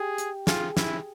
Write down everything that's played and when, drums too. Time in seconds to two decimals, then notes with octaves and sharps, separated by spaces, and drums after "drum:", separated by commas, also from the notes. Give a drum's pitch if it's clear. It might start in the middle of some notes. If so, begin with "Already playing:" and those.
Already playing: G4 G#4
0.18 drum: hi-hat
0.47 F4 G#4, drum: snare
0.77 E4, drum: snare